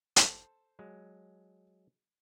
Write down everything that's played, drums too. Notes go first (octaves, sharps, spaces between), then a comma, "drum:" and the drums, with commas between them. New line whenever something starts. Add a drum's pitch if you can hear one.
A4 C5, drum: hi-hat
F#3 G#3